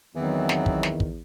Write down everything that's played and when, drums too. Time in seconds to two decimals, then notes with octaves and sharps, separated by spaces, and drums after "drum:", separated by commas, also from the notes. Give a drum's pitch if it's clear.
0.15 E2 D#3 E3 F#3 B3 C4
0.49 drum: snare
0.66 drum: kick
0.83 drum: snare
1.00 drum: kick